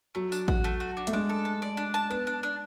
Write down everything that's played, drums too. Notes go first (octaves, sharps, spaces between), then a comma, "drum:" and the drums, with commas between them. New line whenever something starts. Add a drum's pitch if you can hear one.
F#3 A3
D4, drum: tambourine
F#4, drum: kick A1
A3
F#4
D4
A3, drum: hi-hat
G#3 D4
A4
A5
D5
D4
A5
B3 D4
D4
D4